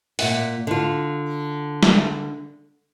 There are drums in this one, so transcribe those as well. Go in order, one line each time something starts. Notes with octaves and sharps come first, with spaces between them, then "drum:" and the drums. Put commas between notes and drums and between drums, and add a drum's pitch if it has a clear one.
A#2 E5 F#5, drum: open hi-hat
D3 F4
drum: snare